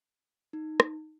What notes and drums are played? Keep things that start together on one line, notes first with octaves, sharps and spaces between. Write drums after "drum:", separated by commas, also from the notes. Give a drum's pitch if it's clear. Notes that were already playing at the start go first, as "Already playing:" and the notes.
D#4
drum: rim click